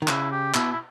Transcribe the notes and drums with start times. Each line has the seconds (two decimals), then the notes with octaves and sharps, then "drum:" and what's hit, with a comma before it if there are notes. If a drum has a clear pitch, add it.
0.02 D#3
0.08 C#3 E4, drum: clap
0.32 G4
0.54 B2 E4, drum: clap
0.72 E4